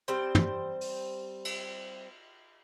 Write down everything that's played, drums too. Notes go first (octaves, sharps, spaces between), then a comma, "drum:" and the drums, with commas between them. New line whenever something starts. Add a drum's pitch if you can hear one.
G3 C4 C5
drum: tom
drum: open hi-hat
drum: cymbal